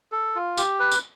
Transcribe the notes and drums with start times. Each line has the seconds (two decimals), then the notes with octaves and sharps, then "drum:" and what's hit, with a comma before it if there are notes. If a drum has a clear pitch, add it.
0.12 A4
0.36 F4
0.57 G4, drum: tambourine
0.80 B4
0.91 drum: tambourine